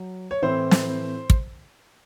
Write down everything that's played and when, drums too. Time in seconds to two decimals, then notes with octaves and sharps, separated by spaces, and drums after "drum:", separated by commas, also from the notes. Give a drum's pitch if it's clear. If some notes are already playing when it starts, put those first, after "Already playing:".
Already playing: F#3
0.31 C#5
0.42 A2 E3 C4 E4 C5
0.71 drum: snare
1.30 drum: kick